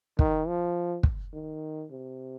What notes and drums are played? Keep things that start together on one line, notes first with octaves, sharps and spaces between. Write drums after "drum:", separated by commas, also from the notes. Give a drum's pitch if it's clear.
D#3, drum: kick
F3
drum: kick
D#3
C3